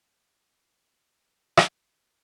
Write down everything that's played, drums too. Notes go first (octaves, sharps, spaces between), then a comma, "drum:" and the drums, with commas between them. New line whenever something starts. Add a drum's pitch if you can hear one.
G#3
E4 C#5 D#5
B5 D6
drum: rim click
A#3 D4 D#4
F#3 C4 D#5 G#5